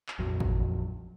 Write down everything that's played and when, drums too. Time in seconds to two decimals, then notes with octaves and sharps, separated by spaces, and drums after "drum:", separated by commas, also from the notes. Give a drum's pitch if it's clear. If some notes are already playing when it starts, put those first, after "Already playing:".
0.08 drum: clap
0.19 A#1 F2 F#3
0.40 drum: kick